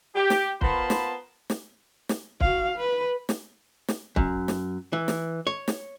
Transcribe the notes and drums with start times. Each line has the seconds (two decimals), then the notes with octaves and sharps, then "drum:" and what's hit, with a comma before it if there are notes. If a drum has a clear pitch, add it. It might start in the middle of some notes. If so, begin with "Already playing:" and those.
0.15 G4
0.30 drum: snare
0.61 B3 F4 A#4 C5 A5 B5, drum: kick
0.90 drum: snare
1.50 drum: snare
2.09 drum: snare
2.41 F#4 F5, drum: kick
2.77 B4
3.29 drum: snare
3.88 drum: snare
4.16 F#2, drum: kick
4.48 drum: snare
4.93 E3
5.08 drum: snare
5.47 C#5
5.68 drum: snare